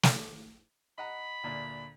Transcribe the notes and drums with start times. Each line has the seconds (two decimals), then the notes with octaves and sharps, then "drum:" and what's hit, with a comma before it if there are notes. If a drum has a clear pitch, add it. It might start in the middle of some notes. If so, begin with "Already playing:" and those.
0.03 drum: snare
0.98 D#5 F#5 A#5 B5
1.44 D2 A#2 D4